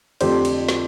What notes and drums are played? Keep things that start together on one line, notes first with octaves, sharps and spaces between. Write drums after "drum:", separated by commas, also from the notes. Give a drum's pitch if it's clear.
F2 D3 A3 C4 G4 C5, drum: cymbal
drum: cymbal
drum: snare